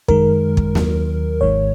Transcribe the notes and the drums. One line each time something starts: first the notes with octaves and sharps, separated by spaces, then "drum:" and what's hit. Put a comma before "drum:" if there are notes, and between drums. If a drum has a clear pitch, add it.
F#2 D#3 G#3 A#4, drum: kick
drum: kick
D#2 D#3 F#3, drum: snare A#3
G#1 G#2 D#3 G#3 C#5